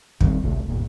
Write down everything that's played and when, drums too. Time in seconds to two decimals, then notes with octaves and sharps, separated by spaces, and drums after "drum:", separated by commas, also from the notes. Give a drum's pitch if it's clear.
0.21 D#2 D#3 G3 C4, drum: kick
0.43 G#1 C#2 C3 A3
0.68 G1 D#2 A#2